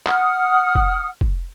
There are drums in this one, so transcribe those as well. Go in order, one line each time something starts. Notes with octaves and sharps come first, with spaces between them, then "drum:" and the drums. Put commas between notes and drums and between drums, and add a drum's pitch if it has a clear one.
F#5 D#6 F6, drum: clap
drum: kick
drum: kick